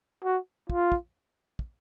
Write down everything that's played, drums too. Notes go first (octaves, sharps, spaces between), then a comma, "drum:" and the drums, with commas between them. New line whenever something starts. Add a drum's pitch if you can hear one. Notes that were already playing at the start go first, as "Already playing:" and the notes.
F#4
F4, drum: kick
drum: kick
drum: kick